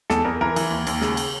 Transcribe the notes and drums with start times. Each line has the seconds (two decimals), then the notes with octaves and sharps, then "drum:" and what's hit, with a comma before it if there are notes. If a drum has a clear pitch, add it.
0.10 E2 A4, drum: snare
0.25 E2 A#4
0.41 E3 A#4
0.56 E3, drum: cymbal
0.71 D#2
0.87 D#2, drum: cymbal
1.02 C#3, drum: snare
1.17 drum: cymbal